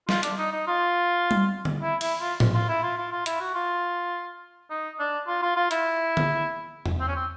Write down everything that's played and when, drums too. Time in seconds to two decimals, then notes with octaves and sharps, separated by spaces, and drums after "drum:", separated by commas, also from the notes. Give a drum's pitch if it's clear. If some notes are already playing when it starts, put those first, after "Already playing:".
0.09 F4, drum: snare
0.23 D4, drum: hi-hat
0.38 D#4
0.53 D#4
0.67 F4
1.31 drum: tom G3
1.65 drum: tom D3
1.82 E4
2.01 E4, drum: cymbal
2.20 F4
2.40 drum: tom A2
2.54 F4
2.69 E4
2.83 F4
2.97 F4
3.12 F4
3.26 E4, drum: hi-hat
3.41 F#4
3.55 F4
4.70 D#4
4.99 D4
5.27 F4
5.42 F4
5.57 F4
5.71 E4, drum: hi-hat
6.17 drum: tom D3
6.86 drum: tom E2
7.01 C4
7.08 C#4
7.16 C4